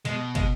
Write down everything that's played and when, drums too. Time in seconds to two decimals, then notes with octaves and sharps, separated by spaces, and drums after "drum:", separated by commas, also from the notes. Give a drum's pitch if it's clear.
0.05 B2 G#3, drum: cymbal
0.35 G#3, drum: kick, cymbal